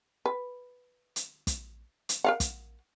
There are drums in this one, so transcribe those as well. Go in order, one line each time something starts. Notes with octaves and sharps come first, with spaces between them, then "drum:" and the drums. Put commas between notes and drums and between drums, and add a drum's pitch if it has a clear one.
B4
drum: hi-hat
drum: kick, hi-hat
drum: hi-hat
A#4 F5 F#5
drum: kick, hi-hat